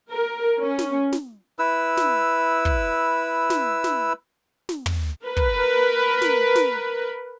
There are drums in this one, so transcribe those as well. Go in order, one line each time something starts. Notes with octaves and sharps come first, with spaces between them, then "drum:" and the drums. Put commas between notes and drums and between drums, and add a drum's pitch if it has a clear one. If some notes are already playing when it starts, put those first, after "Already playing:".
A#4
C#4
drum: snare
drum: snare
E4 B4 E6
drum: snare
drum: kick
drum: snare
drum: snare
drum: snare
drum: tom
A#4 B4
drum: kick
drum: snare
drum: snare